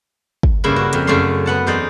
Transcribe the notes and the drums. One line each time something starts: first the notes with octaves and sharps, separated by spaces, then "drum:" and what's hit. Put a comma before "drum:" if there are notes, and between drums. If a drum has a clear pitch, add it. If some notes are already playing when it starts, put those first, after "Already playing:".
drum: kick
G2 C#3 A#3 D4 E4
F#4
F2 F3, drum: hi-hat
F#2 C#3 A3 D5 C6
B3 F#5 A5
E2 D#4 C5 D5